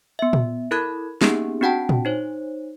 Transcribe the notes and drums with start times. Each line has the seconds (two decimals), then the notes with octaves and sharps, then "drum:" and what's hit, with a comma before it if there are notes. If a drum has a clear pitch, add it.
0.19 B3 E5
0.33 drum: tom A#2
0.71 E4 A4 A#4 B5 F#6 G#6
1.21 A#3 B3 C#4 D#4 G4 G#4, drum: snare
1.61 C4 D4 F#4 F#5 G5 A5
1.89 drum: tom A#2
2.05 D#4 C5 C#5